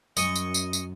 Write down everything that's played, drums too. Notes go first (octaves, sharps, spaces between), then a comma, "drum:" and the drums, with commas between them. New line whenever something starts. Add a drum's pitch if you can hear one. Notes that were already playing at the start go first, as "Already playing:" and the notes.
F#2 D#5 C#6 D#6, drum: tambourine
drum: tambourine
drum: tambourine
drum: tambourine